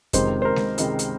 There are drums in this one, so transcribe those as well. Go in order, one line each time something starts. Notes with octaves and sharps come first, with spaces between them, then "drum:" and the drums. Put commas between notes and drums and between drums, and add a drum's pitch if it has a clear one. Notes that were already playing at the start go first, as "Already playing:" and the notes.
C#2 C3 D#3 G#3 C5, drum: kick F2, hi-hat
C5
A#4
drum: snare G#3
C#2 C3 D#3 G#3, drum: hi-hat
drum: hi-hat